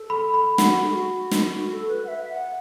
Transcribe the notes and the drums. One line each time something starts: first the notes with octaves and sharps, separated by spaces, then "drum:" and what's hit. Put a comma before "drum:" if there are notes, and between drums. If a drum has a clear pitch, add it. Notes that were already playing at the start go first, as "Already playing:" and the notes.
Already playing: A4
B5
B5
F#4 F#5, drum: snare
A4
F#4
drum: snare
F#4
A4
B4
F#5
E5
F#5